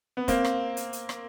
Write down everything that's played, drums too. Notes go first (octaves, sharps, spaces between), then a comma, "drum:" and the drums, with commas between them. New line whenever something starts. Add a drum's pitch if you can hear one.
B3
A#3 C4, drum: kick, hi-hat
drum: rim click
drum: hi-hat
drum: hi-hat
drum: rim click